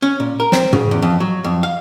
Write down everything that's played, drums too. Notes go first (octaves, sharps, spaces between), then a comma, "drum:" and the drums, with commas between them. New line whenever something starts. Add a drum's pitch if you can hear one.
C#4
A#2
A#4
C4, drum: snare
C#3, drum: tom
E2
F2
F#3
F2
F5